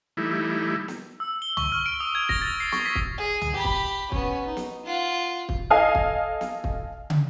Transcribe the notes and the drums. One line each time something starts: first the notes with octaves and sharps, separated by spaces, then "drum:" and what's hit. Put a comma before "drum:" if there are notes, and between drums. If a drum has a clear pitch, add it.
E3 G3 A3 D#4 E4
drum: snare
E6
G7
C#6, drum: tom
F6
D7
D#6
G#6
A#6, drum: kick
A6
C7
C#6, drum: snare
B6
drum: kick
G#4
drum: tom
G4 B5
drum: kick
B3 C#4, drum: kick
D#4
drum: snare
F4 F#5
drum: kick
A4 D#5 F5 G#5 D#6 F6
drum: kick
drum: snare
drum: kick
drum: tom